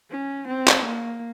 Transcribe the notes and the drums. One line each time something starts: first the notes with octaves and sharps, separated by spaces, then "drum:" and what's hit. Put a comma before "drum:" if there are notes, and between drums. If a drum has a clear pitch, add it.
C#4
C4
drum: clap
A#3